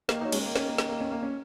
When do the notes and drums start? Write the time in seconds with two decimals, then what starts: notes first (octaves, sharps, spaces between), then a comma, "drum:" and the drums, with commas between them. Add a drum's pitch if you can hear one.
0.09 D#3 A#3, drum: snare
0.21 F#3 A#3 D#4
0.32 G#3 C#4, drum: cymbal
0.40 D#3
0.46 A#3
0.56 C#4, drum: snare
0.67 A#3
0.78 C#4, drum: snare
0.89 A#3
1.01 C#4
1.12 A#3
1.23 C#4